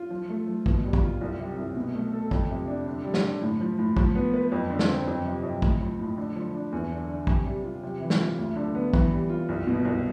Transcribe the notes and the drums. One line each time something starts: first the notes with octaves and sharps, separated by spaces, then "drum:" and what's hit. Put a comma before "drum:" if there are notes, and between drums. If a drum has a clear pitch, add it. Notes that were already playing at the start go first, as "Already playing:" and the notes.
Already playing: F4
F3
A3
F3
B2, drum: kick
G3
drum: kick
F4
C2
C3
C2
B2
A3
A4
F2, drum: kick
C3
D4
D3
G3
drum: snare
D3
A2
F3
A2
F3, drum: kick
B3
B4
F2
D3
drum: snare
C4
F2
C3
F2
A2, drum: kick
F3
A2
D3
F3
D4
E2
D3
D4
C3, drum: kick
G3
F4
C3
E3
drum: snare
F4
D2
D3
B3
E3, drum: kick
G3
F4
C2
B2
C2